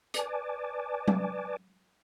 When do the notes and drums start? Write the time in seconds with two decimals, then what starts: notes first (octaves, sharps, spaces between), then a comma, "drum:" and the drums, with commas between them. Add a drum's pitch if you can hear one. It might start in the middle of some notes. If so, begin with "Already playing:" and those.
0.14 B4 D5 G#5 A5 D6, drum: hi-hat
1.08 drum: tom F#3